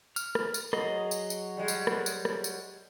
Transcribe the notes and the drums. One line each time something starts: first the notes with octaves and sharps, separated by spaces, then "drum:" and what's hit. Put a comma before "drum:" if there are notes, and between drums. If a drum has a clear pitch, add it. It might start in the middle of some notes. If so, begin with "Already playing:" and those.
F6, drum: tambourine
drum: rim click
drum: tambourine
F#3 G#4 D#5, drum: rim click
drum: tambourine
drum: tambourine
G3 G#3
drum: tambourine
drum: rim click
drum: tambourine
drum: rim click
drum: tambourine